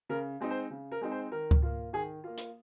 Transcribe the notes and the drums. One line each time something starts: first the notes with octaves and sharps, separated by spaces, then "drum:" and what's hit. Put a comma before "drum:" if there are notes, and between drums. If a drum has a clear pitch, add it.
C#3 A#4
G#3 C4 D#4
C5
C#3
A#4
G#3 C4 D#4
C5
D#3 A#4
drum: kick C#2
A#3 F4
D#3 G#4
A#3 F4
drum: hi-hat